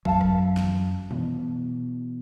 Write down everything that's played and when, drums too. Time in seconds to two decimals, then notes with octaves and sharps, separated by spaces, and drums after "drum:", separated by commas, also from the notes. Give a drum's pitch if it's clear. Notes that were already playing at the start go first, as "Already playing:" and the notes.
0.05 F#2 F#3 A4 F5 A5, drum: kick G#1
0.21 drum: rim click
0.57 drum: snare
1.11 B2 E3, drum: tom